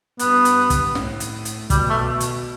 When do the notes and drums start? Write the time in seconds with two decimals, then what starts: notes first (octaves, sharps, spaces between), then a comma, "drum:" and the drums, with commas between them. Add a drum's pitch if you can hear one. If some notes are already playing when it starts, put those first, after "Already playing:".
0.19 G2 B3, drum: hi-hat
0.45 drum: hi-hat
0.70 drum: kick, hi-hat
0.95 A2, drum: snare
1.20 drum: hi-hat
1.45 drum: hi-hat
1.70 B2 G3, drum: kick, hi-hat
1.89 A3
2.20 drum: hi-hat